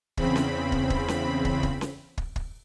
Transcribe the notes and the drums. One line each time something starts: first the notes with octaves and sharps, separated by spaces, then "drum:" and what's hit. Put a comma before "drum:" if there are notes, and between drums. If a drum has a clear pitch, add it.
E2 C#3 C4 B5, drum: kick
drum: snare C#4
drum: kick
drum: kick
drum: snare C#4
drum: kick
drum: kick
drum: snare C#4
drum: kick
drum: kick